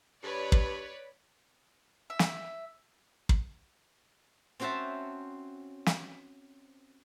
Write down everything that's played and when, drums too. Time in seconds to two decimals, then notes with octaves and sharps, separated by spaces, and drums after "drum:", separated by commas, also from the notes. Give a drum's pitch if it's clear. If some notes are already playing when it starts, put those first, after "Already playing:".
0.23 G2 B4 C#5 D5
0.52 drum: kick
2.10 E5
2.19 drum: snare
3.29 drum: kick
4.60 C4 C#4 F#4 C5 E5 A5
5.86 drum: snare